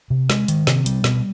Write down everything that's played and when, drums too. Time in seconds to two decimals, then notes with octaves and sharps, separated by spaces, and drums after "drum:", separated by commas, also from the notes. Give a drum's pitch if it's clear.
0.10 C3
0.30 G#3, drum: snare
0.48 D#3, drum: hi-hat
0.67 C3, drum: snare
0.86 G3, drum: hi-hat
1.04 B2, drum: snare